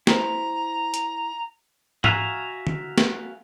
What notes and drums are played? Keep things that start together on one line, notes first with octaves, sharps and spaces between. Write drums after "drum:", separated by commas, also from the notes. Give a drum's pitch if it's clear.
E4 C5 A#5, drum: snare
drum: hi-hat
F#4 E5 F5 G#5 A#5, drum: tom G#2
drum: tom D3
drum: snare